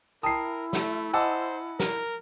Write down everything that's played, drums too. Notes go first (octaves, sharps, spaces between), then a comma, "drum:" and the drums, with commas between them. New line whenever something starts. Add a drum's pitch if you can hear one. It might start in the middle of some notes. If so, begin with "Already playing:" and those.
E4 A#4 G5 A5 A#5 D#6 C7
A3, drum: snare
C5 D#5 F#5 G#5 A5 D6 E6
A#4, drum: snare